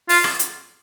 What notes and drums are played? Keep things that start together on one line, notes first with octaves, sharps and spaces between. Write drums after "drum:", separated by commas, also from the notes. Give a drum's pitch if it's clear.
F4, drum: open hi-hat
drum: rim click
drum: hi-hat